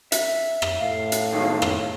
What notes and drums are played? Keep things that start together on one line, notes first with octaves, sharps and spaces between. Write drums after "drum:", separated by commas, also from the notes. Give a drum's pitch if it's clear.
E5, drum: hi-hat
drum: rim click
A2 F5
drum: hi-hat
F#2 D#3 G#3
drum: rim click